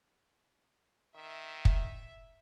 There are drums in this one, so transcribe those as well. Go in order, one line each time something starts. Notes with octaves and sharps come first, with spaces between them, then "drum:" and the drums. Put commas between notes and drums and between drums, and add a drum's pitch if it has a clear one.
D#3 E5
drum: kick